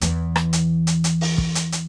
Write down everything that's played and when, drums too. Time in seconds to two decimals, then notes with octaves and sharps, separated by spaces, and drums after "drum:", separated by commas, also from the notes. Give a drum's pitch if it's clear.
0.01 E2 E3, drum: hi-hat
0.36 drum: rim click
0.53 drum: hi-hat
0.87 drum: hi-hat
1.04 drum: hi-hat
1.21 drum: open hi-hat
1.38 drum: kick
1.55 drum: hi-hat
1.72 drum: hi-hat